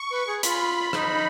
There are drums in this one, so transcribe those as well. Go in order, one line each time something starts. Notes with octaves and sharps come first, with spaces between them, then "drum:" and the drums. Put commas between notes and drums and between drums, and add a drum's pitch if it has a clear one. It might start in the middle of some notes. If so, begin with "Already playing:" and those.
Already playing: C#6
B4
G#4
F4 B5, drum: hi-hat
D#4, drum: rim click